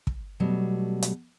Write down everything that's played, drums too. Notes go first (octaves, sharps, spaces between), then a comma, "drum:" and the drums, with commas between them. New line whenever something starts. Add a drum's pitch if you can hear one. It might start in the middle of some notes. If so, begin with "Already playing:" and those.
drum: kick
B2 F#3 G3 A3
drum: hi-hat